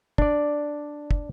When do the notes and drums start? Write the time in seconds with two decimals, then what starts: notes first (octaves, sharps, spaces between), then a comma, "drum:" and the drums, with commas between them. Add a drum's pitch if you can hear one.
0.18 D4 D5, drum: kick
1.11 drum: kick